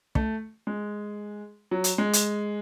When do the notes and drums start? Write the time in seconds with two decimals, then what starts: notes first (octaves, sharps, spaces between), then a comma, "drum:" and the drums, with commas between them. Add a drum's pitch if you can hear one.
0.15 A3, drum: kick
0.67 G#3
1.71 F#3
1.84 drum: hi-hat
1.98 G#3
2.13 drum: hi-hat